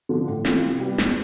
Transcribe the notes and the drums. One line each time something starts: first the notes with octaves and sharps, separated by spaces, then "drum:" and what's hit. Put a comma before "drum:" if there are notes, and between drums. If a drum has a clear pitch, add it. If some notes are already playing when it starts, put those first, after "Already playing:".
D3 F3
A2
E3 A3 C4 F4, drum: snare
C3
G3 B3
E2, drum: snare